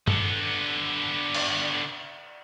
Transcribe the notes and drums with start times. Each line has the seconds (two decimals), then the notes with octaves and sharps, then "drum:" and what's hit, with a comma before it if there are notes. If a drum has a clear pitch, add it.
0.08 D3 B3, drum: tom G2
1.34 drum: cymbal